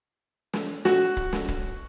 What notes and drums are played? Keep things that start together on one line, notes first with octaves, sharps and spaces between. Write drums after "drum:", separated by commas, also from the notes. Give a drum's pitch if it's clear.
drum: snare
F#4, drum: snare
drum: kick
drum: snare
drum: kick